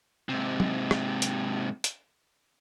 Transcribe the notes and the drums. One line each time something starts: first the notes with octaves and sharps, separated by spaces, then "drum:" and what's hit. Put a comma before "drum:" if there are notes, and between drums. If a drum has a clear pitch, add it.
G#2 C3
drum: tom
drum: rim click
drum: hi-hat
drum: hi-hat